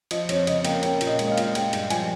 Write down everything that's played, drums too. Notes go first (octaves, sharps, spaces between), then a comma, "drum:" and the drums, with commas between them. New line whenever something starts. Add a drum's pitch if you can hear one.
F3 D#5, drum: cymbal
F2 C#5, drum: cymbal
C#3 D#5, drum: cymbal
A#3 G5, drum: cymbal
C#4 G5, drum: cymbal
A#2, drum: cymbal
D#5
G#3, drum: cymbal
D#5
F5
A#2, drum: cymbal
G#3 G5, drum: cymbal
G2, drum: cymbal
F3 G#5, drum: cymbal